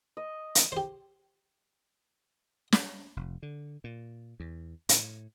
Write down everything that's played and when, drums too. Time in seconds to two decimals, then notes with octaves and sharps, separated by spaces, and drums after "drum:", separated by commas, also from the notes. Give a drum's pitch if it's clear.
0.17 D#5
0.55 drum: hi-hat
0.72 G4 C5
2.72 drum: snare
3.16 F1
3.43 D3
3.84 A#2
4.40 E2
4.89 A2, drum: hi-hat